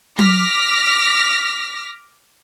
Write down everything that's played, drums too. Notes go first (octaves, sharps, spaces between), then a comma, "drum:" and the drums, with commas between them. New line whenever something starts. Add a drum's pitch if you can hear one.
D6 F6 A#6 B6, drum: tom F#3